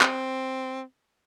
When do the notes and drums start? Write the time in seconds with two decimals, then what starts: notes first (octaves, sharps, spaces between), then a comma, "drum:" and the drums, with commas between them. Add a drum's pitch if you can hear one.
0.01 C4, drum: clap